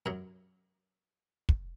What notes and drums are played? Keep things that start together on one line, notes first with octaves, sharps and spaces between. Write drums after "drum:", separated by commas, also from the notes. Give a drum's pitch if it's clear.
F#2 F#3
drum: kick